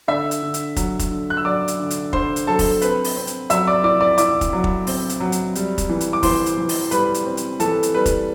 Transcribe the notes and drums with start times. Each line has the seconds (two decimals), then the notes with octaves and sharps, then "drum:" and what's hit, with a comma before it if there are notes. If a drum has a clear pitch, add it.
0.08 D3 E5 E6
0.31 drum: hi-hat
0.43 D3
0.54 drum: hi-hat
0.76 F#3, drum: kick, hi-hat
0.99 drum: kick, hi-hat
1.11 D3
1.30 F#6
1.37 E6
1.45 F#3 D5 D6
1.68 drum: hi-hat
1.80 D3
1.90 drum: hi-hat
2.13 D3 C5 C6, drum: kick
2.36 drum: hi-hat
2.47 F#3 A4 A5
2.59 drum: kick, open hi-hat
2.81 C4 B4 B5, drum: hi-hat
3.04 drum: open hi-hat
3.16 C4
3.27 drum: hi-hat
3.50 F#3 E5 E6, drum: hi-hat
3.67 D5 D6
3.84 E4 D5 D6
4.01 D5 D6
4.18 E4 D5 D6, drum: hi-hat
4.41 drum: kick, hi-hat
4.53 F#3
4.64 drum: kick
4.87 C4, drum: open hi-hat
5.09 drum: hi-hat
5.20 F#3
5.32 drum: hi-hat
5.55 G3, drum: hi-hat
5.78 drum: kick, hi-hat
5.89 E3
6.01 drum: hi-hat
6.13 D6
6.23 E3 C5 C6, drum: kick, open hi-hat
6.46 drum: hi-hat
6.58 E3
6.69 drum: open hi-hat
6.91 G3 B4 B5, drum: hi-hat
7.14 drum: hi-hat
7.25 C4
7.37 drum: hi-hat
7.60 E3 A4 A5, drum: hi-hat
7.83 drum: hi-hat
7.94 G3 B4
8.06 drum: kick, hi-hat